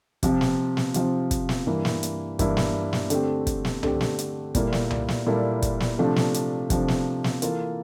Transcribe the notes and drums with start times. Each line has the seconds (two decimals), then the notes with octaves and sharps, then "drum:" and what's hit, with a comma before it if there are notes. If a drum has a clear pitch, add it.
0.23 C3 F3 C4 F4, drum: kick, hi-hat
0.41 drum: snare
0.77 drum: snare
0.94 C3 F3 C4 F4, drum: hi-hat
1.31 drum: kick, hi-hat
1.49 drum: snare
1.67 G2 E3 A#3 E4
1.85 drum: snare
2.03 drum: hi-hat
2.39 G2 E3 A#3 E4, drum: kick, hi-hat
2.57 drum: snare
2.93 drum: snare
3.10 D3 A3 C4 G4, drum: hi-hat
3.47 drum: kick, hi-hat
3.65 drum: snare
3.83 D3 A3 C4 G4, drum: tom C2
4.01 drum: snare
4.19 drum: hi-hat
4.55 A#2 G3 A#3 E4 A4, drum: kick, hi-hat
4.72 drum: snare
4.90 drum: tom C2
5.08 drum: snare
5.27 A#2 G3 A#3 E4 A4
5.62 drum: kick, hi-hat
5.80 drum: snare
5.99 C3 F3 A3 D4
6.16 drum: snare
6.34 drum: hi-hat
6.70 C3 F3 A3 D4, drum: kick, hi-hat
6.88 drum: snare
7.24 drum: snare
7.42 E3 A#3 F4 A4, drum: hi-hat